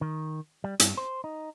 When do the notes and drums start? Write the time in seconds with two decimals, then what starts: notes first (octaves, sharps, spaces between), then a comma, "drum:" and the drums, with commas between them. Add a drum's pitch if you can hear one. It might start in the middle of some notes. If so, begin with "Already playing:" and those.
0.01 D#3
0.64 G3
0.80 G2, drum: hi-hat
0.97 C5
1.24 D#4